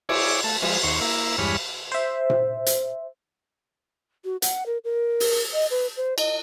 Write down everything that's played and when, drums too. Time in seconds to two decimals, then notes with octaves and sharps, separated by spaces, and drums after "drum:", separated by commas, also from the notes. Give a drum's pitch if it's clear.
0.09 E4 G#4 C#5 D5, drum: cymbal
0.44 A3 A5
0.62 F3 G#3, drum: cymbal
0.83 D#2 C5 C#6
1.01 A#3 E4
1.38 E2 G2 G#3 C#5 B5 F6
1.92 C5 E5
2.30 drum: tom A#2
2.66 drum: hi-hat
4.25 F#4
4.42 F#5, drum: hi-hat
4.66 A#4
4.84 A#4
5.20 drum: open hi-hat
5.53 D#5
5.70 B4
5.97 C5
6.18 D#5, drum: cymbal